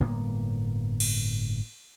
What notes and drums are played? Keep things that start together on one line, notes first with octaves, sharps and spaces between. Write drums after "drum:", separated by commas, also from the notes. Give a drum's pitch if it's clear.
G1 A2 A#3 B3
drum: cymbal